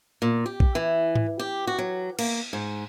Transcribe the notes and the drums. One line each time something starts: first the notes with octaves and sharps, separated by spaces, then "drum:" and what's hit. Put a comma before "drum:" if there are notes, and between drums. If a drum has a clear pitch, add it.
A#2
G4
drum: kick
E3
drum: tom G#2
G4
F#4
F#3
A#3, drum: cymbal
G#2